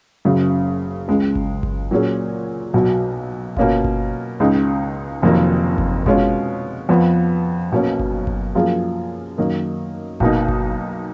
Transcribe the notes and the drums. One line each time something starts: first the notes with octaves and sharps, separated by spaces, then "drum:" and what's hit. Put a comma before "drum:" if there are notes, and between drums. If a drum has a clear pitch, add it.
F#1 F#2 C#3 F#3
C#2 C#3 G#3
drum: kick G1
drum: kick G1
A#2 F#3 C#4 G#4
B1 B2 F#3
B2 A#3 C#4 F4, drum: kick G1
drum: kick G1
C#2 C#3 G#3 D#4
F1 F2 D#3 F#3 A#3
drum: kick G1
B2 G#3 C#4 F4, drum: kick G1
F2 F3 B3 F4
B1 B2 A#3 C#4
drum: kick G1
drum: kick G1
F#2 F3 A#3 F4 G#4
F#2 D#3 A#3
B1 B2 A#3 D#4, drum: kick G1
drum: kick G1